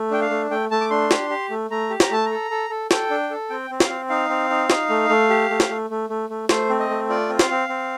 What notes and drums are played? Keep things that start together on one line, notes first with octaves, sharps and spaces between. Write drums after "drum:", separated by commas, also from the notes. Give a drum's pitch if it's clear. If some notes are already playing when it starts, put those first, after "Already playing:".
Already playing: A3
D4 G5
F5
A3
A3 G5
A3 A5
D6
D4 C6
G4, drum: snare
G4
A3
A3 A#5
G4
A#5, drum: snare
A3 A5
A4 A#5
A4
A4
A4 G5, drum: snare
D4
A4
C4 G5
C4
F5, drum: snare
C4
D#4 F5
C4
D#4
D#4, drum: snare
A3
A3
G4
A3
drum: snare
A3
A3
A3
A3
A3 C5, drum: snare
C4
D#5
A3
F4 D5
C4
F5, drum: snare
C4
C4